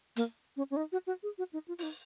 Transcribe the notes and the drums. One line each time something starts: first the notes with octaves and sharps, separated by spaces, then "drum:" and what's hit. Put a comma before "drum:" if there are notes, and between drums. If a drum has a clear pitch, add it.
A#3, drum: hi-hat
C#4
C#4
D#4
F#4
F#4
G#4
F#4
D#4
F4
F4, drum: open hi-hat
D#4